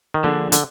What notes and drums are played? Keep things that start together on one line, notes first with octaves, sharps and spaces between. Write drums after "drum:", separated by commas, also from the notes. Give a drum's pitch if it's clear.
D#3
D3 F3 A#3 D4 G#4
D3, drum: hi-hat